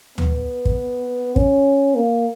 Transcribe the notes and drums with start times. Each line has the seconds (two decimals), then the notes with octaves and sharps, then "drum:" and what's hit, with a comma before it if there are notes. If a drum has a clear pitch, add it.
0.18 B3, drum: tom D2
0.65 drum: kick
1.36 C#4, drum: kick
1.95 A#3